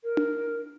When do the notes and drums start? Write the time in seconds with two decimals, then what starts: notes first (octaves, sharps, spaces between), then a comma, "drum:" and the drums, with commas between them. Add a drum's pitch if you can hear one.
0.04 A#4
0.17 drum: tom D4